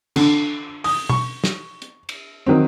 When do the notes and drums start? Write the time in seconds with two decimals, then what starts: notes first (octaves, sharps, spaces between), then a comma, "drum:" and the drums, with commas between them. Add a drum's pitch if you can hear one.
0.16 D3, drum: cymbal
0.84 D#6, drum: open hi-hat
1.09 C#6, drum: tom
1.44 drum: snare
1.82 drum: hi-hat
2.09 drum: cymbal
2.47 D#3 F#3 C4